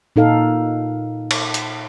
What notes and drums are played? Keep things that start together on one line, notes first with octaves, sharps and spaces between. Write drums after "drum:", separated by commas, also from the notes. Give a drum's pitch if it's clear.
A#2 D#4 A4 F5
drum: cymbal
drum: hi-hat